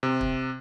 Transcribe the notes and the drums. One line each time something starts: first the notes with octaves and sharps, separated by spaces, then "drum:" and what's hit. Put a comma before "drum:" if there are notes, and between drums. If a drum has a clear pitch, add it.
C3
drum: kick